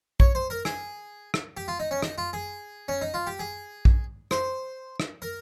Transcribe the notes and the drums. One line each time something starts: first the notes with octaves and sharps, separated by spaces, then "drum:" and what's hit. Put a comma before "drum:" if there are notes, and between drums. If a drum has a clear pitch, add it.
C#5, drum: kick A#1
C5
A#4
G#4, drum: rim click
drum: rim click
G4
F4
D#4
C#4
D#4, drum: rim click
F4
G#4
C#4
D#4
F4
G4
G#4
drum: kick A#1
C5, drum: rim click
drum: rim click
A#4